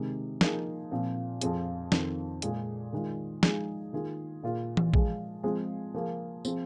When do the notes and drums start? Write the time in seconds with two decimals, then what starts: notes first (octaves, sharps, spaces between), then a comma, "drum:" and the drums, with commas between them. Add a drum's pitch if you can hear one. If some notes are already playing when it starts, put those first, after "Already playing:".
Already playing: C3 D#3 G#3
0.41 F3 A#3 D#4 G#4, drum: snare
0.91 A#2 F3 C4
1.41 F2 F3 C4 G#4, drum: hi-hat
1.92 F2 D#3 C4, drum: snare
2.42 A#2 G#3 F4 G#4, drum: hi-hat
2.93 D#3 G#3 F4
3.43 F3 G#3 D#4 G#4, drum: snare
3.93 D#3 A#3 F4 G#4
4.43 A#2 A#3 F4 G#4
4.77 drum: tom E3
4.94 F3 G#3 F4 G#4, drum: kick
5.43 F3 G#3 C4 F4 G#4
5.94 F3 A#3 G#4
6.45 F3 C4 G#4, drum: tambourine